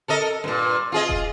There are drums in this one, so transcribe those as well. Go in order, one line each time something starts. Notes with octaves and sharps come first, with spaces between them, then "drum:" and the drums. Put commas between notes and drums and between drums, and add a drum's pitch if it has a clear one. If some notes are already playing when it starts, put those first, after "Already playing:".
A4 A#4 D#5
G2 A#2
F4 G#4 D#5
drum: kick E1